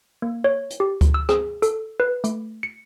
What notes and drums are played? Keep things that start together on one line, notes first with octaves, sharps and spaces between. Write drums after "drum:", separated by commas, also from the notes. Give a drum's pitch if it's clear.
A#3
C#5
drum: hi-hat
G4
drum: kick D2, hi-hat
E6
G#4, drum: rim click
A4, drum: hi-hat
B4
A3, drum: hi-hat
C#7